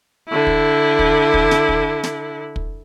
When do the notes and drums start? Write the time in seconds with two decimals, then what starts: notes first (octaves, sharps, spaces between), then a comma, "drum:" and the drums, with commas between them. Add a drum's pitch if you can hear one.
0.29 D3 E4
0.47 drum: kick
0.99 drum: kick
1.34 drum: kick
1.51 drum: snare
1.69 drum: kick
2.03 drum: snare
2.56 drum: kick